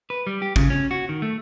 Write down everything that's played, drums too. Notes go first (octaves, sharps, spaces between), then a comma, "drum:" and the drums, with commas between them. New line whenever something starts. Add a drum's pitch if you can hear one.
B4
G3
G4
C#3, drum: kick
C#4
F#4
D#3
A3